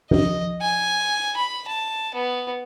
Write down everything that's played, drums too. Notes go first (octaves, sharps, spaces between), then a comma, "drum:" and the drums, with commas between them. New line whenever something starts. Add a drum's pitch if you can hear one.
D#5, drum: tom
G#5
B5
A5
B3